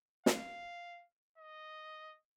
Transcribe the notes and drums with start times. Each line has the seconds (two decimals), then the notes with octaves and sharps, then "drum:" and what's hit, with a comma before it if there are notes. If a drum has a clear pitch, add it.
0.26 F5, drum: snare
1.38 D#5